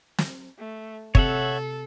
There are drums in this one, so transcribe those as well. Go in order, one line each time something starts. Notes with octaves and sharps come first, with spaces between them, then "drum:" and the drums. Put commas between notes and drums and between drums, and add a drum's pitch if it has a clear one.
drum: snare
A3
C3 A4 C#5 E5 F#5, drum: kick